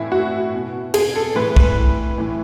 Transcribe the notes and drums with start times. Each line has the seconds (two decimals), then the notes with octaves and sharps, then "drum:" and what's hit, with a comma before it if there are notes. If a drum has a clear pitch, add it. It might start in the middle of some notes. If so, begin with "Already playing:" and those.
Already playing: A2 E3 E4
0.12 F#4
0.54 B2
0.94 G#4, drum: cymbal
1.16 A4
1.35 A2 E3 B4
1.56 B4, drum: kick
2.18 A2 E3